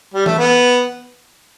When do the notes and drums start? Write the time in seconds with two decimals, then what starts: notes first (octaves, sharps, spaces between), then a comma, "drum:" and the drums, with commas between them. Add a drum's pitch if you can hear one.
0.14 G3
0.26 A3, drum: tom E3
0.38 B3